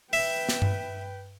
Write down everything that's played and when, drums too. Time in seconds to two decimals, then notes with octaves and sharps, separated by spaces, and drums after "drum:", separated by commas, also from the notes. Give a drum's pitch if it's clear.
0.13 B4 E5 G5, drum: open hi-hat
0.49 drum: snare
0.62 drum: tom G2